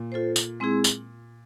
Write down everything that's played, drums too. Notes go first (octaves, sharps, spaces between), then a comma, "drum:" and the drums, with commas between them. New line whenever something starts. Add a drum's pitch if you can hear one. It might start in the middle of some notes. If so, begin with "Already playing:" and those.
Already playing: A#2
F4 A4 C5
drum: tambourine
G#3 C4 E4 G#4
drum: tambourine